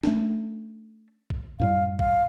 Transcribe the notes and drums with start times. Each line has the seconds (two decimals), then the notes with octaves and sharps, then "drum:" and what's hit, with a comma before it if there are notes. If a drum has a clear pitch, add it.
0.03 A3 C#4 D4, drum: snare
1.30 drum: kick
1.60 F#2 A2 G3 F5
1.99 F5, drum: kick